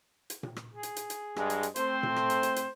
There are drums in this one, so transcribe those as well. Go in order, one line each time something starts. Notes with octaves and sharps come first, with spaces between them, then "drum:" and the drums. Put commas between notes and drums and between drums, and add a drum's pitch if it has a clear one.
drum: hi-hat
drum: tom A#2
drum: rim click
G#4
drum: hi-hat
drum: hi-hat
drum: hi-hat
G2 G#3, drum: rim click
drum: hi-hat
drum: hi-hat
A3 C4 C5, drum: hi-hat
drum: tom A#2
drum: rim click
drum: hi-hat
drum: hi-hat
drum: hi-hat